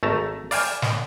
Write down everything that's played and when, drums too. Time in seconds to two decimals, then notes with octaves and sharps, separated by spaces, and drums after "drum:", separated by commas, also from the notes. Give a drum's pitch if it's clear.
0.03 G#1 A3 A5 A#5
0.51 D5 F5 G5 G#5, drum: open hi-hat
0.82 drum: snare